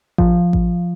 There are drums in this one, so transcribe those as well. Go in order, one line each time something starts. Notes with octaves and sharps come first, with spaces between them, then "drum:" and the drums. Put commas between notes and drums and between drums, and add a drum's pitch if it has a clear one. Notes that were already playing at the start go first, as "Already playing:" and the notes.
F3, drum: kick A1
drum: kick A1